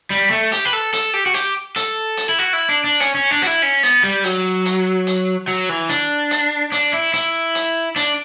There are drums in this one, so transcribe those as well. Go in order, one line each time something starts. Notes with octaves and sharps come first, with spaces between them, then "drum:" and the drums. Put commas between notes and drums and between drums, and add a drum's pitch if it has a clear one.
G3
A3
G4, drum: hi-hat
B4
A4
A4, drum: hi-hat
G4
F#4
G4, drum: hi-hat
A4, drum: hi-hat
drum: hi-hat
E4
F#4
E4
D4
D4
C#4, drum: hi-hat
C#4
D4
F#4, drum: hi-hat
E4
C#4
B3, drum: hi-hat
G3
F#3, drum: hi-hat
drum: hi-hat
drum: hi-hat
F#3
E3
D4, drum: hi-hat
drum: hi-hat
D4, drum: hi-hat
E4
E4, drum: hi-hat
drum: hi-hat
D4, drum: hi-hat